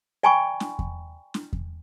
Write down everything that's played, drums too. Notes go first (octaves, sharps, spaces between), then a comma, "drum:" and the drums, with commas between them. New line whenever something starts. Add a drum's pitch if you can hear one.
D5 G5 G#5 A#5 B5 C#6
drum: snare
drum: kick E2
drum: snare
drum: kick E2